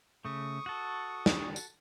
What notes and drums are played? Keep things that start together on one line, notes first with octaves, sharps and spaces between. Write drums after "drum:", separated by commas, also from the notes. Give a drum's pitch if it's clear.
C#3 A3 C#6 D#6
F#4 A4
drum: snare
drum: tambourine